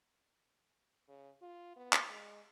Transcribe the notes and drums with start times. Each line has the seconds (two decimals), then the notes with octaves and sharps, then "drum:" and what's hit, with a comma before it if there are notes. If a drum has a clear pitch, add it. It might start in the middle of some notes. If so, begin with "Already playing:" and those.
1.08 C#3
1.41 F4
1.76 B3
1.93 drum: clap
2.09 G#3